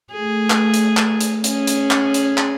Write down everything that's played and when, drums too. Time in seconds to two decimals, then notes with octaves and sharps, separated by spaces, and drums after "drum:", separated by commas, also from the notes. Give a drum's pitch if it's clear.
0.14 A3 G#4
0.50 drum: clap
0.74 drum: hi-hat
0.97 drum: clap
1.21 drum: hi-hat
1.44 C#4 G#4, drum: hi-hat
1.67 drum: hi-hat
1.91 drum: clap
2.14 drum: hi-hat
2.38 drum: clap